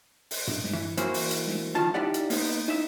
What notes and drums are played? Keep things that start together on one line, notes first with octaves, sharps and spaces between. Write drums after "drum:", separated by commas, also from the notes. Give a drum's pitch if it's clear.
drum: open hi-hat
drum: tom G2
drum: snare
E3
E3 A#3 E4 F#4 C5, drum: hi-hat
drum: open hi-hat
drum: hi-hat
drum: snare
C#2 D#3 F3 F4 A5
D#4 E4 G4 D5 F#5
drum: hi-hat
A#3 B3 D#4, drum: open hi-hat
D#4 E4 E5